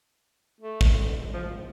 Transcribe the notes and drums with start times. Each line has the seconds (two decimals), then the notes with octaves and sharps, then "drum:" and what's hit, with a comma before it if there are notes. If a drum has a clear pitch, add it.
0.61 A3
0.81 drum: kick
1.34 F3